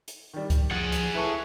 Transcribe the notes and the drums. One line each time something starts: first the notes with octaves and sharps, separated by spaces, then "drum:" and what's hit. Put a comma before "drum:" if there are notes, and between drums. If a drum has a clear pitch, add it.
drum: hi-hat
D#3 G3
drum: kick C#2, hi-hat
F3 G#4 F#5 A6 D7
drum: hi-hat
E4 A4 B4 C#6